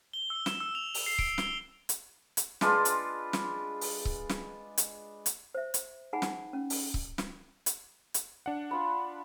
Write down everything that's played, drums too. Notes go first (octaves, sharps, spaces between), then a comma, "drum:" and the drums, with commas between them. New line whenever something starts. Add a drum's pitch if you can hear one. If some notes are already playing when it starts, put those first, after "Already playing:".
G7
E6
E7, drum: snare
E6
F7
F7, drum: open hi-hat
C7
D7, drum: kick C#1
G7, drum: snare
drum: hi-hat
drum: hi-hat
G#3 D4 F4 B4, drum: snare
drum: hi-hat
drum: snare
drum: open hi-hat
drum: kick C#1
drum: snare
drum: hi-hat
drum: hi-hat
C5 E5
drum: hi-hat
D#4 G#4 F#5 G#5 B5
drum: snare
C#4
drum: open hi-hat
drum: kick C#1
drum: snare
drum: hi-hat
drum: hi-hat
D4 F#5
F4 B5